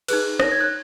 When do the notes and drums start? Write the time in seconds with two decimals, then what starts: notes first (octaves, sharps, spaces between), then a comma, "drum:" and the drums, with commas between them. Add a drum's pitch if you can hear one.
0.08 D#4 G#4 B4 F#6, drum: cymbal
0.40 D#4 A#4 C#5 A#6, drum: rim click
0.51 G#6
0.61 F#6